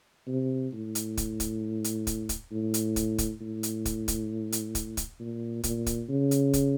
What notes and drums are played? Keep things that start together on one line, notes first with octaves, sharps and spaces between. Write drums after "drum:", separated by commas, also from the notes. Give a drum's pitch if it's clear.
C3
A2
drum: hi-hat
drum: kick, hi-hat
drum: kick, hi-hat
drum: hi-hat
drum: kick, hi-hat
drum: kick, hi-hat
A2
drum: hi-hat
drum: kick, hi-hat
drum: kick, hi-hat
A2
drum: hi-hat
drum: kick, hi-hat
drum: kick, hi-hat
drum: hi-hat
drum: kick, hi-hat
drum: kick, hi-hat
A#2
A#2, drum: kick, hi-hat
drum: kick, hi-hat
C#3
drum: hi-hat
drum: kick, hi-hat